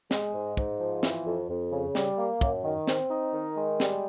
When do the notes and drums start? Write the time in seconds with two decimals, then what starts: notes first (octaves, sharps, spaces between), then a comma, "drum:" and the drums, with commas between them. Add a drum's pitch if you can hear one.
0.11 G#3, drum: snare
0.34 G#2
0.57 G#2, drum: kick
0.80 F3
1.03 E3, drum: snare
1.26 F2
1.49 F2
1.72 C#3
1.95 G3, drum: snare
2.18 A#3
2.41 F#2, drum: kick
2.64 D#3
2.87 C4, drum: snare
3.10 D#4
3.33 D#3
3.56 G#3
3.80 G3, drum: snare